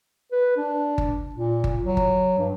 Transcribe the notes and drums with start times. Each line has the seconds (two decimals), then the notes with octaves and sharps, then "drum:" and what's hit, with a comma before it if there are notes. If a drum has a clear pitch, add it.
0.32 B4
0.57 D4
0.98 drum: kick G1
1.34 A#2
1.64 drum: kick G1
1.83 F#3
1.97 drum: kick G1
2.38 G2